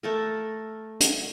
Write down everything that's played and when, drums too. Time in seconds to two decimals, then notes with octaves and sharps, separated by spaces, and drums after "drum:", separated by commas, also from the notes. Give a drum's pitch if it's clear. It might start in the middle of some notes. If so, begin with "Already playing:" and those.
0.03 A3 A4 A#4
1.00 drum: hi-hat